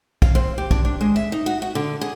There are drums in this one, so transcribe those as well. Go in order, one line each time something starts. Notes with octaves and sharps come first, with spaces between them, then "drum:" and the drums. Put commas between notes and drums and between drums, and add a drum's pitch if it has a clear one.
F5, drum: kick
C4
G4
D4, drum: kick
D4
G#3
E5
D#4
F#4
F#4
D3
G#4